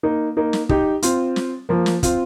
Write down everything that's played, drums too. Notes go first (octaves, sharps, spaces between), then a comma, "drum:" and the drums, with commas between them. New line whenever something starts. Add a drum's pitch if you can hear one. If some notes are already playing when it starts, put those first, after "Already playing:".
A#3 D#4
A#3 D#4
drum: snare
D#4 G4, drum: kick
C4 F4, drum: hi-hat
drum: snare
F3 A#3
drum: snare
C4 F4, drum: kick, hi-hat